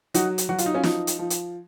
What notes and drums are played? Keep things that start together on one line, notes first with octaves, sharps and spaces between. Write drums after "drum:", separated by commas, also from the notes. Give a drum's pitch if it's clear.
F#3 D#4 F#4, drum: hi-hat
drum: hi-hat
F#3 F#4
F4, drum: hi-hat
D#4
C#4 F4
F3 D#4, drum: snare
drum: hi-hat
F3
drum: hi-hat